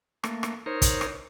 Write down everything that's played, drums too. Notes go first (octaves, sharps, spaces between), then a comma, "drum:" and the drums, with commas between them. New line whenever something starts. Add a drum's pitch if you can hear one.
A3 A#3, drum: rim click
drum: rim click
D#4 A#4 C5 C#5
drum: kick, hi-hat
drum: rim click